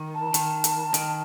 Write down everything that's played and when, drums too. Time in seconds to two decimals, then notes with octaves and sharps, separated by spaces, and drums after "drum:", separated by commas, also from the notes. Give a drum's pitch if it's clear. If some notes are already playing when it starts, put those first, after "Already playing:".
Already playing: D#3
0.14 A5
0.34 D#3, drum: hi-hat
0.64 drum: hi-hat
0.94 D#3, drum: hi-hat